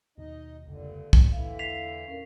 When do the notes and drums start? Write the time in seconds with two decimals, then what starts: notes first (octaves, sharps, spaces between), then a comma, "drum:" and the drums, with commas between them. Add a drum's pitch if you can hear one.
0.18 D#2 B2 D#4 D#5
0.66 F1 C#2 G2 A#2 D3
1.13 E2 A#3, drum: kick
1.32 D3 E3 E4 F5
1.59 B6 C7 F7
2.08 G2 A#2 C#4 A#4